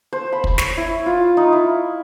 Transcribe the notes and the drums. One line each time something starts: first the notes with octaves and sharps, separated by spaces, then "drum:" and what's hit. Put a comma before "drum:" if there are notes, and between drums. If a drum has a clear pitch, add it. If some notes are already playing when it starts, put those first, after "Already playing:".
C5
B5
drum: kick
C#5, drum: snare
E4
F4
D#4
E4